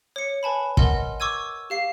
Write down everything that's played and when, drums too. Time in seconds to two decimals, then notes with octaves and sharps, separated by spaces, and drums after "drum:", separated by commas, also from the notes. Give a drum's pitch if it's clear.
0.16 C#5 C#7
0.43 B4 G#5 A5 B5
0.77 A#4 D#5 F#5 C6, drum: kick
1.20 C#6 D6 E6 G#6 D#7
1.70 G4 F5 C7